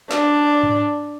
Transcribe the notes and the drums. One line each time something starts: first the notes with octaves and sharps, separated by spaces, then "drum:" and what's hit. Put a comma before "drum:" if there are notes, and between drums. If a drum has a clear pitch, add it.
D4, drum: snare
drum: tom G#2